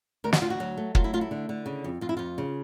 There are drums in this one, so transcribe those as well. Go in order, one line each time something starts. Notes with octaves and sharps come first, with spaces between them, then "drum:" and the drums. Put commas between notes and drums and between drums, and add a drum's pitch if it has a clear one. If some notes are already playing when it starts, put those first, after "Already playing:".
D2 A#4
F#4, drum: snare
D2 F4
F#4
F#3
A3
F#3 F4, drum: kick
E4
A3 F4
E4
D3
D3
C#3
F2
F2 F4
E4
F2 F4
C#3